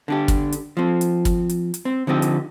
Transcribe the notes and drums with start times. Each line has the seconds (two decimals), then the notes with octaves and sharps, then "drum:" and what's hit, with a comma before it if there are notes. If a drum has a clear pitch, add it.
0.08 D3 D4 G4
0.28 drum: kick, hi-hat
0.52 drum: hi-hat
0.77 F3 C4
1.01 drum: hi-hat
1.25 drum: kick, hi-hat
1.49 drum: hi-hat
1.74 drum: hi-hat
1.85 C4
2.07 D3 F3 C4 D#4 G4
2.22 drum: hi-hat